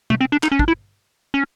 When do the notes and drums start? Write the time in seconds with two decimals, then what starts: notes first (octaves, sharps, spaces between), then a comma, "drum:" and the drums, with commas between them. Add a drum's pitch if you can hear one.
0.10 A3, drum: tom
0.21 C4
0.32 D4
0.43 D#4, drum: clap
0.52 C#4
0.59 D4, drum: kick
0.68 E4
1.34 C#4